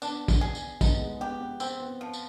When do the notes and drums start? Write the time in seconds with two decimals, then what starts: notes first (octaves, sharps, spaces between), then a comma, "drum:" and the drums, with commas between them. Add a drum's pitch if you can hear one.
0.02 B3 D4, drum: tambourine
0.28 drum: kick, tambourine
0.41 G#4
0.55 drum: tambourine
0.81 B3 D#4, drum: kick, tambourine
1.01 G#3
1.21 B3 G4
1.40 B3
1.60 B3 C4, drum: tambourine
1.80 B3
2.01 F3
2.13 drum: tambourine